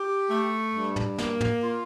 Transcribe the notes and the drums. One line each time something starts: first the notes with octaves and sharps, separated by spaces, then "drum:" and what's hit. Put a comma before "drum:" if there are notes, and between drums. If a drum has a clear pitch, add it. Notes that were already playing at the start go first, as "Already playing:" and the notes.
Already playing: G4
A3
G2
drum: tom
A#3, drum: snare
drum: tom
F4